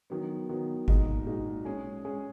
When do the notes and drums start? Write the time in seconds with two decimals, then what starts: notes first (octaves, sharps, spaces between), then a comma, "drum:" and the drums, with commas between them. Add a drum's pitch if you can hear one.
0.10 D#3 F#3 B3
0.49 D#3 F#3 B3
0.88 A#2 G#3 D#4 F#4, drum: kick G1
1.26 A#2 G#3 D#4 F#4
1.65 G#3 C#4 G#4
2.05 G#3 C#4 G#4